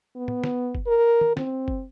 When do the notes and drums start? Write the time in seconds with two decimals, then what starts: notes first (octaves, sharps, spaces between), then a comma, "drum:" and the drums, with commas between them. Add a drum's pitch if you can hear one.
0.16 B3
0.28 drum: tom
0.44 drum: snare
0.75 drum: kick F#1
0.87 A#4
1.21 drum: tom
1.37 C4, drum: snare
1.68 drum: kick F#1